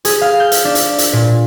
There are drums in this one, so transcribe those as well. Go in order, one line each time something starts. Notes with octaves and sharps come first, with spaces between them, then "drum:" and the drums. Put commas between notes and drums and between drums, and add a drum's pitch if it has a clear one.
G#4, drum: hi-hat
F5
G6
drum: hi-hat
D4
drum: hi-hat
drum: hi-hat
A#2